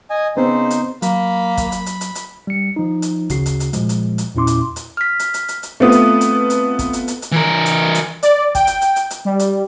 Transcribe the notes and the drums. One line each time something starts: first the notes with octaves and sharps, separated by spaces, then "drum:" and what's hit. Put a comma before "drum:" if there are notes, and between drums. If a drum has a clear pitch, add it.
D#5 G#5
C#3 B3 C4 D#4 C5
drum: hi-hat
F#3 A#3 B5, drum: hi-hat
drum: kick, hi-hat
drum: hi-hat
drum: hi-hat
drum: hi-hat
drum: hi-hat
G3 C#7
F3 D#4
drum: hi-hat
D2 C#3 F#4 C7, drum: kick, hi-hat
drum: hi-hat
drum: hi-hat
A#2 F3 G#3, drum: hi-hat
drum: hi-hat
drum: hi-hat
E2 A#2 C#4 E4 C6 D6
drum: hi-hat
drum: hi-hat
F6 B6
drum: hi-hat
drum: hi-hat
drum: hi-hat
drum: hi-hat
A3 B3 C4 F4 D#6
drum: hi-hat
drum: hi-hat
drum: hi-hat
drum: kick, hi-hat
drum: hi-hat
drum: hi-hat
drum: hi-hat
E3 A#4
drum: hi-hat
drum: hi-hat
D5, drum: hi-hat
G5, drum: kick, hi-hat
drum: hi-hat
drum: hi-hat
drum: hi-hat
drum: hi-hat
G3
drum: hi-hat